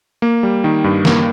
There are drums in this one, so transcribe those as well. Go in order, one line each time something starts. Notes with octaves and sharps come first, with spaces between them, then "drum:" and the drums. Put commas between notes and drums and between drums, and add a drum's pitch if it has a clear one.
A#3
G3
D#3
G2
A#3, drum: snare